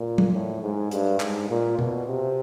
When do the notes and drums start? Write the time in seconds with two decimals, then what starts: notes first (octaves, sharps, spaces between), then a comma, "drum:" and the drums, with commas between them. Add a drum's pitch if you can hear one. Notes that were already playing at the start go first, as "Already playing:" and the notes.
Already playing: A#2
0.18 drum: tom
0.33 A2
0.62 G#2
0.91 G2, drum: hi-hat
1.20 G#2, drum: clap
1.49 A#2
1.79 B2, drum: tom B2
2.07 C3